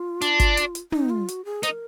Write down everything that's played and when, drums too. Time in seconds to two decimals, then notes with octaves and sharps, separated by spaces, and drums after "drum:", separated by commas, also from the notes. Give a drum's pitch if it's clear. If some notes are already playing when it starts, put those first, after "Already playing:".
Already playing: F4
0.21 D4, drum: hi-hat
0.40 drum: kick G1, hi-hat
0.57 drum: hi-hat
0.75 drum: hi-hat
0.92 D#4, drum: tom
1.10 F4
1.28 F#4, drum: hi-hat
1.45 G#4
1.63 D#4 C5, drum: hi-hat
1.67 A#4